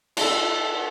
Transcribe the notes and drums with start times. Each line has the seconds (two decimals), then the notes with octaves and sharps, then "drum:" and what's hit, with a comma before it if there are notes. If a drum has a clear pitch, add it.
0.17 A4 A5, drum: cymbal